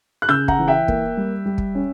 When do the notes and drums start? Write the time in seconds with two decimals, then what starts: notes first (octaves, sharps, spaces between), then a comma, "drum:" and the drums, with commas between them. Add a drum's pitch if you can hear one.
0.22 F#6
0.29 C#3 E6 G6
0.48 F#5 A#5, drum: kick
0.59 E3
0.68 E5 G5
0.88 A#3, drum: kick
1.17 G3
1.46 G3
1.58 drum: kick
1.75 C#4